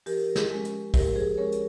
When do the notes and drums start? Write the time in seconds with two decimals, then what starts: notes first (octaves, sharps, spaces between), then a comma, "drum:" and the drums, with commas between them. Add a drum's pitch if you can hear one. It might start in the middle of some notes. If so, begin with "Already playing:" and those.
0.06 F3 G4 A#4, drum: open hi-hat
0.36 drum: snare
0.50 G#3 C#4
0.65 drum: hi-hat
0.94 F3 G4 A#4, drum: kick, open hi-hat
1.15 G#4 C5
1.38 G#3 C#4 A#4 C#5
1.52 drum: hi-hat